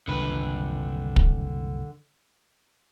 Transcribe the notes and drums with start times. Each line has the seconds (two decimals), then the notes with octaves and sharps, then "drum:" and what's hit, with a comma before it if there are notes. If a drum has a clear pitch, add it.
0.08 F#1 C2 D3 D#3 B4
1.16 drum: kick